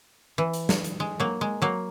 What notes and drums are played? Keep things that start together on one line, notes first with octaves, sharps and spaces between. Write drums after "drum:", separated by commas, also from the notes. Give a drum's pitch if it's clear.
E3
drum: hi-hat
drum: snare
drum: hi-hat
G#3
F#3 A#3
G#3
F#3 A#3